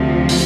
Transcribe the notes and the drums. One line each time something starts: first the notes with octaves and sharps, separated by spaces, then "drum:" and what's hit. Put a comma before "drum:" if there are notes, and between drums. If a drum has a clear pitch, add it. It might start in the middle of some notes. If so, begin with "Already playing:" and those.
Already playing: D2 C3 F3
drum: open hi-hat